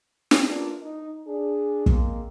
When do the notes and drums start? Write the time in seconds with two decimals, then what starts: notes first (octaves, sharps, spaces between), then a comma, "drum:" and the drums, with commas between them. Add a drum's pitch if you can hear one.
0.31 drum: snare
0.45 A#3 D4 E4 F4 B4 D5
0.81 D#4
1.26 D4 G#4
1.86 G#3 A#3 C4, drum: kick